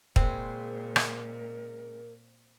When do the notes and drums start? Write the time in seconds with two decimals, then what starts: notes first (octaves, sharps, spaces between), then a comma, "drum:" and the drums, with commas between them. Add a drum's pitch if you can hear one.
0.16 A#2 C#3 G#3 C4 A#4, drum: kick
0.96 drum: rim click